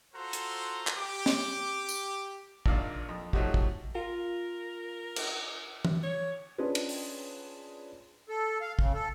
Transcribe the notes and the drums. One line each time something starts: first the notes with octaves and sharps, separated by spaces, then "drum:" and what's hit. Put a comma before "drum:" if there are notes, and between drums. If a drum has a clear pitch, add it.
F4 F#4 A4 C5 A#5 C6
drum: hi-hat
drum: clap
G4 D6
drum: snare
drum: tambourine
G#1 A#2 D4 F5, drum: kick
F2
F3 F#3 A3 D#4 F#4 G4, drum: kick
drum: kick
F4 A#4
drum: cymbal
drum: tom
C#5
C#4 D4 F4 G#4 B4 C5
drum: cymbal
drum: open hi-hat
A4
F5
C#3, drum: kick
A4